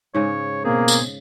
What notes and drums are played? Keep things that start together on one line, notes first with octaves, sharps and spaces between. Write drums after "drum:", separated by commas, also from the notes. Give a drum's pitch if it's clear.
G#2 C#3 G#3 C#5
B2 A#3 C4 G#4
drum: tambourine